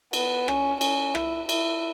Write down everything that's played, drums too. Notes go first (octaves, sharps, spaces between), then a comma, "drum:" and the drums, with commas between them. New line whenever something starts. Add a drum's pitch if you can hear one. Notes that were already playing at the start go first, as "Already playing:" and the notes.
B3, drum: cymbal
C#4, drum: rim click
C#4, drum: cymbal
E4, drum: rim click
E4, drum: cymbal